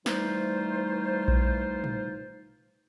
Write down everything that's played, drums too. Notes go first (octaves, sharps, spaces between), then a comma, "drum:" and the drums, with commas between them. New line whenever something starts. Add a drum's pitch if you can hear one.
E3 G3 A3 D#4 F4 C5, drum: snare
drum: kick A#1
drum: tom